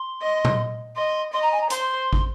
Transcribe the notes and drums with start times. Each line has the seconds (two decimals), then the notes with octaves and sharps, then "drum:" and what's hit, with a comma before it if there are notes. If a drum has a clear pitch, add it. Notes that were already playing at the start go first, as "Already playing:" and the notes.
Already playing: C6
0.22 D#5
0.45 drum: tom A#2
0.96 D#5 C6
1.33 D#5 C6
1.42 A#5
1.52 G#5
1.61 A#5
1.70 C5 C6, drum: hi-hat
2.13 drum: kick